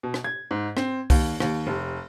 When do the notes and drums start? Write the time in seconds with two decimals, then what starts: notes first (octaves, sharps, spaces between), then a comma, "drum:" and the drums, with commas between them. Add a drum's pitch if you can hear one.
0.03 B2
0.14 drum: rim click
0.24 G#6
0.51 G#2
0.77 C4, drum: rim click
1.10 D#2, drum: kick C2, open hi-hat
1.40 D#2, drum: rim click
1.67 F1